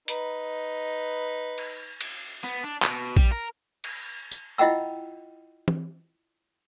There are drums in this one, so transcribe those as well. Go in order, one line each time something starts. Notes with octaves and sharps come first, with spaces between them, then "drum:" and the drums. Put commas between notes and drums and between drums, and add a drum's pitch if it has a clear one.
D#4 B4, drum: hi-hat
drum: cymbal
drum: cymbal
B3
D4
B2, drum: clap
G3, drum: kick A#1
A#4
drum: cymbal
drum: tambourine
E4 F4 D#5 F#5 G5 E6
drum: tom E3